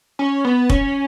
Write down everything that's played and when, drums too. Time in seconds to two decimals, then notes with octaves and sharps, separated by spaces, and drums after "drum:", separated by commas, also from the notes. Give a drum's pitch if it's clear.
0.19 C#4
0.45 B3
0.70 C#4, drum: kick F1